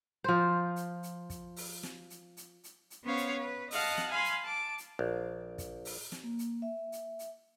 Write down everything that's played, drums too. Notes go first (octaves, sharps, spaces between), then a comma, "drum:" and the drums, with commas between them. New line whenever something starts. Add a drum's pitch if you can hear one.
F3 C5
drum: hi-hat
drum: hi-hat
drum: kick, hi-hat
drum: open hi-hat
drum: snare
drum: hi-hat
drum: hi-hat
drum: hi-hat
drum: hi-hat
B3 C#4 C5 C#5 F5
drum: hi-hat
B4
D#5 F5 F#5 A5, drum: open hi-hat
drum: snare
F5 G#5 B5 C6
drum: hi-hat
A5 D6
drum: hi-hat
A#1
drum: kick, hi-hat
drum: open hi-hat
drum: snare
A#3
drum: hi-hat
E5
drum: hi-hat
drum: hi-hat